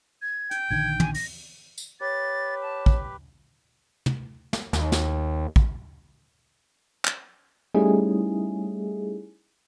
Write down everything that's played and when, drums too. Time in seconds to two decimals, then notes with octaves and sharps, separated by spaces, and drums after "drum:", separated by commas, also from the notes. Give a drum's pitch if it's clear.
0.22 G#6
0.51 G5, drum: hi-hat
0.70 A#1 D3 D#3 G#6
1.00 G#5, drum: tom
1.14 A#6, drum: open hi-hat
1.78 drum: tambourine
2.01 G4 B4 C#5 A6
2.62 A5
2.86 drum: kick
4.06 drum: tom
4.53 drum: snare
4.73 D#2, drum: snare
4.92 drum: snare
5.56 drum: kick
7.05 drum: clap
7.74 G3 A3 C#4 D#4 E4 G#4